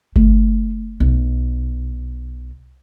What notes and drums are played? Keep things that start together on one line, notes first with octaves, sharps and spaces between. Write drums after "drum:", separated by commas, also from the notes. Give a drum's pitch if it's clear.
A3, drum: kick G1
B1